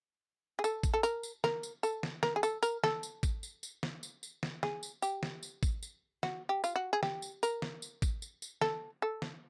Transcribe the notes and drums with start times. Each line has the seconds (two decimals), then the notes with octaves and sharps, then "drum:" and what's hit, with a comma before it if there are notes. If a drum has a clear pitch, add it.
0.59 G#4
0.64 A4, drum: tambourine
0.83 drum: kick, tambourine
0.94 A4
1.03 A#4, drum: tambourine
1.23 drum: tambourine
1.44 A#4, drum: snare
1.63 drum: tambourine
1.83 A4, drum: tambourine
2.03 drum: snare
2.23 A#4, drum: snare
2.36 G#4
2.43 A4, drum: tambourine
2.63 A#4, drum: tambourine
2.84 A4, drum: snare
3.03 drum: tambourine
3.23 drum: kick, tambourine
3.43 drum: tambourine
3.63 drum: tambourine
3.83 drum: snare
4.03 drum: tambourine
4.23 drum: tambourine
4.43 drum: snare
4.63 G#4, drum: snare
4.83 drum: tambourine
5.02 G4, drum: tambourine
5.23 drum: snare
5.43 drum: tambourine
5.63 drum: kick, tambourine
5.83 drum: tambourine
6.23 F#4, drum: snare
6.49 G4
6.64 F4, drum: tambourine
6.76 F#4
6.93 G#4
7.03 G4, drum: snare
7.22 drum: tambourine
7.43 A#4, drum: tambourine
7.62 drum: snare
7.82 drum: tambourine
8.02 drum: kick, tambourine
8.22 drum: tambourine
8.42 drum: tambourine
8.61 A4, drum: snare
9.02 A4
9.22 drum: snare